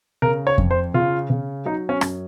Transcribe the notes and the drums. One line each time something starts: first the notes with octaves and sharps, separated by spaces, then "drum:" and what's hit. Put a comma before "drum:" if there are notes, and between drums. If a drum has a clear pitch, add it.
C#3 A#4
C#5
F2, drum: kick F2
C5
C#3 F4
C#3
F#3 D#4
C#4
F#2, drum: rim click